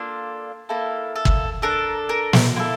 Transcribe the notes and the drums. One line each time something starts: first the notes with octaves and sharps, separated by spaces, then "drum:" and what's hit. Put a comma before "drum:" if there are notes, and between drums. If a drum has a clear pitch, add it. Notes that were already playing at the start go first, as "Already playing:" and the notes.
Already playing: A#3 D4 F4 A4
A#3 E4 A4
A4
drum: kick
D4 A4 A#4
A#4
drum: snare
A#3 E4 A4 C5